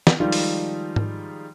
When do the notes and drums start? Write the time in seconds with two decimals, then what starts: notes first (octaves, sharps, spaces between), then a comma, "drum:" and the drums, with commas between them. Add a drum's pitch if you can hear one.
0.07 drum: snare
0.20 D#3 F3 G3 G#3 D#4 F4
0.32 drum: open hi-hat
0.96 drum: tom G#2